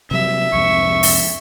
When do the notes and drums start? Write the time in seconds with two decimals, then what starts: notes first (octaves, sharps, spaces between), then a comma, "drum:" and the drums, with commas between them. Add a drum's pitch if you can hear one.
0.11 C3 F#3 G3 E5
0.53 C2 F2 G#2 C#6
1.03 drum: open hi-hat